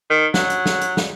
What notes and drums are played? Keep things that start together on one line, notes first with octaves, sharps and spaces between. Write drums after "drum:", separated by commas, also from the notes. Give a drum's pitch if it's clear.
D#3
F#3, drum: snare
drum: hi-hat
drum: snare
drum: hi-hat
drum: snare